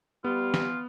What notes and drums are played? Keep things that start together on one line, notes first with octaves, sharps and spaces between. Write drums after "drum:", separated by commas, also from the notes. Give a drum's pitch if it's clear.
G3 B3 F4
drum: snare